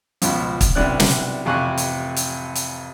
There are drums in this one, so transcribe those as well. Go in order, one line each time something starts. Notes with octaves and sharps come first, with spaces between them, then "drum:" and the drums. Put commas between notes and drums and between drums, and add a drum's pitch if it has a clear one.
C#2 B2 F3, drum: hi-hat
drum: kick, hi-hat
B1 C3 D4 E4 D5 F#6
drum: snare
A1 F2 C3 G#5 C#6 F#6
drum: hi-hat
drum: hi-hat
drum: hi-hat